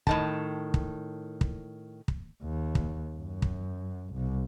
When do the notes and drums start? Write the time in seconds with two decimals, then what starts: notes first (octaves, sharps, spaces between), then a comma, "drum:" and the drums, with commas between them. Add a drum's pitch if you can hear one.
0.07 A2 D#3 A5, drum: kick
0.74 drum: kick
1.41 drum: kick
2.08 drum: kick
2.43 D#2
2.75 drum: kick
3.16 F#2
3.42 drum: kick
4.14 C2